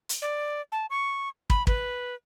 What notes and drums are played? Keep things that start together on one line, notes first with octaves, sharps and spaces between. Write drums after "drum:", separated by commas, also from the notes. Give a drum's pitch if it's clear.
drum: hi-hat
D5
A5
C#6
B5, drum: kick
B4, drum: kick